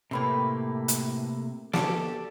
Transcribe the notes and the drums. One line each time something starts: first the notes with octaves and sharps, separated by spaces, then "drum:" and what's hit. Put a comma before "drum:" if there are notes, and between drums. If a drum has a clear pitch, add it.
A2 C3 A3 A#3 B4 G5
drum: hi-hat
G4 A4 D5, drum: snare